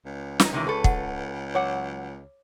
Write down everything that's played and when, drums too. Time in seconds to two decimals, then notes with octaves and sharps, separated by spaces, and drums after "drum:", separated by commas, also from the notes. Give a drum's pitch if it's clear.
0.06 C#2
0.40 D#4, drum: snare
0.53 C3 D#3 E3
0.67 G#4 A4 B4 A5 C#6
0.84 F#5, drum: kick
1.55 F#3 C#5 F#5 D6